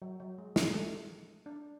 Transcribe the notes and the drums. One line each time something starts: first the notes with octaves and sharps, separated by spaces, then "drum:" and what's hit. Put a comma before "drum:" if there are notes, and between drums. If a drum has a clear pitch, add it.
F#3
F#3
G#3
G#3, drum: snare
A3
D4